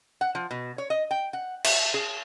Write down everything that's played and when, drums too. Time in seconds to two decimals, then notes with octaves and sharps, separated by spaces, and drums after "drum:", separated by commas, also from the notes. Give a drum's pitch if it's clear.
0.21 F#5
0.35 F3
0.51 B2
0.78 C#5
0.90 D#5
1.11 G5
1.33 F#5
1.65 E5, drum: cymbal
1.94 G#4